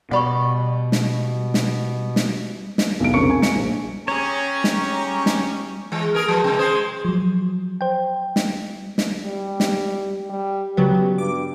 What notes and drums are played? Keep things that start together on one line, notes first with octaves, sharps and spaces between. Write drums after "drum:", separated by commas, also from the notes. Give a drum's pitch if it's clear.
B2 G3 D5 F#5 B5 C#6
drum: snare
drum: snare
drum: snare
drum: snare
B1 E2 D7
F2 C#3 D4 A#4 C#6 C#7
G#5
C#7, drum: snare
A#1
C#4 G4 G#4 C#5 A#5 C#6
drum: snare
drum: snare
E3 G#3
A#3 G#4 A#4
F3 B4
C3 G#3
G#3 G#4 C5
F3 F#3
C5 G5
drum: snare
drum: snare
G3
drum: snare
G3
C#3 F#3 B3 G4
G2 D6